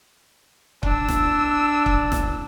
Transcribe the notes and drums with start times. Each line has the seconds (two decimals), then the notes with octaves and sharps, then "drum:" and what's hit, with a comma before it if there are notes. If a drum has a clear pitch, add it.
0.83 D4 E6, drum: kick
1.09 drum: snare
1.86 drum: kick
2.12 drum: snare